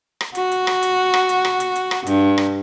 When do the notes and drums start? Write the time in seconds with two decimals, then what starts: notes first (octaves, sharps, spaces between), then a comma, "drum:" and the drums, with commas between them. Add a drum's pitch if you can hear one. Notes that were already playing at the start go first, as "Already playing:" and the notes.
0.21 drum: rim click
0.35 F#4, drum: hi-hat
0.52 drum: hi-hat
0.67 drum: rim click
0.83 drum: hi-hat
1.14 drum: rim click
1.29 drum: hi-hat
1.45 drum: rim click
1.60 drum: hi-hat
1.76 drum: hi-hat
1.91 drum: rim click
2.07 G2, drum: hi-hat
2.38 drum: rim click